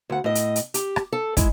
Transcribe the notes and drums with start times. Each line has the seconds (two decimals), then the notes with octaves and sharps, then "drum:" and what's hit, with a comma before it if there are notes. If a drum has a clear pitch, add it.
0.10 D2 F#5
0.24 A2 D#5
0.35 drum: hi-hat
0.56 drum: hi-hat
0.74 G4, drum: hi-hat
0.96 drum: rim click
1.12 A4
1.37 G#3 E4, drum: kick, hi-hat